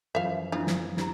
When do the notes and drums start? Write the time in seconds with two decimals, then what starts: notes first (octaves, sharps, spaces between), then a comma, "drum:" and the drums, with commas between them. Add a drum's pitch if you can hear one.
0.15 F#2 E3 F3 E5 F5
0.52 B3 D4 E4 F4
0.67 drum: snare
0.97 E4 G4 A#5, drum: snare